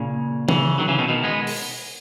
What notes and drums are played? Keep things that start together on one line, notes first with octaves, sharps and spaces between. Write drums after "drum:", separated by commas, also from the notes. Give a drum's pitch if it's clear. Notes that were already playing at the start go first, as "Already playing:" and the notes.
Already playing: A#2 C#3
C#3 E3, drum: tom
D#3 F#3
C#3 E3
B2 D#3
B2 D#3
G#3 B3
drum: open hi-hat